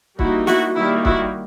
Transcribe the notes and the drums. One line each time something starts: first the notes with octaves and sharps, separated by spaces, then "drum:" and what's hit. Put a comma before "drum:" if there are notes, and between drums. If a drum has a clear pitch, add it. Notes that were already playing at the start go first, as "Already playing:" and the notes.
G3 A#3 D#4 E4 F#4, drum: kick
E4 F#4, drum: snare
D#3 G3 A#3 E4
E4 F#4, drum: kick